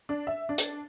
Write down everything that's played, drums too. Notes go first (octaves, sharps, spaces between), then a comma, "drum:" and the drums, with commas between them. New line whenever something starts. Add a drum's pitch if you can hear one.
D4
E5
D4
drum: hi-hat